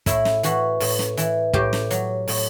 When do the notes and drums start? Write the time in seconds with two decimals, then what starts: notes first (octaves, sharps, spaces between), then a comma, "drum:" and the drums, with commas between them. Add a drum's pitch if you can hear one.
0.06 A2 E4, drum: kick, hi-hat
0.25 drum: snare
0.43 E3 F#4, drum: hi-hat
0.80 A2, drum: open hi-hat
0.99 drum: snare
1.17 E3, drum: hi-hat
1.53 A2 G4, drum: kick
1.73 drum: snare
1.91 F#3, drum: hi-hat
2.28 A2, drum: open hi-hat